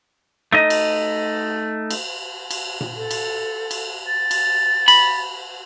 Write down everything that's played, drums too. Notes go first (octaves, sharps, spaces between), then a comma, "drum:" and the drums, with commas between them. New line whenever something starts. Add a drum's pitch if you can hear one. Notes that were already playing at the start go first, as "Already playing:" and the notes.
A3 D#4 D#5
drum: cymbal
drum: cymbal
drum: cymbal
drum: tom A#2
A4
drum: cymbal
drum: cymbal
A6
drum: cymbal
B5, drum: cymbal